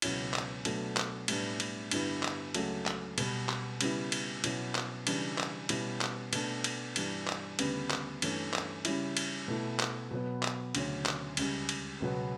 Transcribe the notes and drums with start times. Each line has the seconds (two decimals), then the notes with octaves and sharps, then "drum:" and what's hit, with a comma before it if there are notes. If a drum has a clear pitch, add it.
0.02 C#2 B2 F#3 C#4 E4, drum: cymbal
0.34 drum: clap
0.65 B2 F#3 A3 D4, drum: cymbal
0.97 drum: clap
1.28 A2 G3 B3 D4, drum: cymbal
1.60 drum: cymbal
1.91 G2 D3 G3 B3 E4, drum: cymbal
2.23 drum: clap
2.55 C#2 C#3 F#3 A3, drum: cymbal
2.86 drum: clap
3.18 B2 G3 B3, drum: cymbal
3.49 drum: clap
3.81 C#3 G3 B3 E4, drum: cymbal
4.12 drum: cymbal
4.44 B2 F#3 C#4 E4, drum: cymbal
4.75 drum: clap
5.07 C#3 E3 G3 D4, drum: cymbal
5.38 drum: clap
5.69 B2 G3 C#4 E4, drum: cymbal
6.01 drum: clap
6.33 B2 A3 D4, drum: cymbal
6.64 drum: cymbal
6.96 G2 E3 G3 D4, drum: cymbal
7.27 drum: clap
7.59 D2 C#3 G3 B3, drum: cymbal
7.90 drum: clap
8.22 G2 E3 A3 C#4, drum: cymbal
8.54 drum: clap
8.85 C#3 G3 C#4 E4, drum: cymbal
9.17 drum: cymbal
9.48 B2 A3 E4
9.80 drum: clap
10.11 B2 F#3 B3
10.43 drum: clap
10.75 D2 C#3 F#3 C#4, drum: cymbal
11.06 drum: clap
11.37 C#2 C#3 G3, drum: cymbal
11.69 drum: cymbal
12.00 C#2 B2 F#3 B3